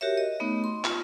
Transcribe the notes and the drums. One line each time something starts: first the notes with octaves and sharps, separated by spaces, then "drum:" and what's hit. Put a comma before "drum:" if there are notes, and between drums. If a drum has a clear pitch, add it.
F#4 G4 A#4 C#5 E5
D#5
A3 B3 D#4
C6
F4, drum: clap